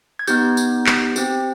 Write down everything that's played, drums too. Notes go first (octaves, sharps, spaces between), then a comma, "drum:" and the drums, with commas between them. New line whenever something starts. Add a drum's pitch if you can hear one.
G#6
B3 D#4 G4 G6, drum: tambourine
drum: tambourine
drum: clap
C4 G4, drum: tambourine